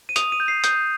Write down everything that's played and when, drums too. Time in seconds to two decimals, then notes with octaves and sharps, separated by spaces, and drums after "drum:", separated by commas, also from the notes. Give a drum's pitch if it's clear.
0.09 D#7
0.16 D#6 F7, drum: hi-hat
0.32 D#7
0.40 G6
0.48 C7
0.64 D#6 G6, drum: hi-hat